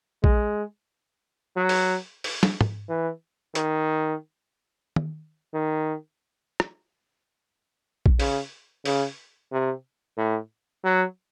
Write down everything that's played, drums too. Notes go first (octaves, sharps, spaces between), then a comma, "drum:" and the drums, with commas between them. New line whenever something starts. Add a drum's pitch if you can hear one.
G#3, drum: kick A#1
F#3
drum: open hi-hat
drum: open hi-hat
drum: snare
drum: tom
E3
D#3, drum: hi-hat
drum: tom
D#3
drum: rim click
drum: kick A#1
C#3, drum: open hi-hat
C#3, drum: open hi-hat
C3
A2
F#3